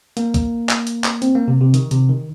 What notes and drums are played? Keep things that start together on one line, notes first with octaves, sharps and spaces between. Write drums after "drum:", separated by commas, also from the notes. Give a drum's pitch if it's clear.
A#3, drum: hi-hat
drum: kick, hi-hat
drum: clap
drum: hi-hat
drum: clap
C4, drum: hi-hat
A#3
C3
C3
D#3, drum: hi-hat
C3, drum: hi-hat
D#3